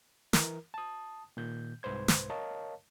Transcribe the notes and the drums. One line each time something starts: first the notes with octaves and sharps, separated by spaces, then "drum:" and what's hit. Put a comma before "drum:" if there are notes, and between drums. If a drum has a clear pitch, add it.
E3 A#4, drum: snare
A5 D#6
A#2 D#3 G6
C2 G#2 B4 C5 G#6
drum: snare
A#4 C#5 D#5 F5 A5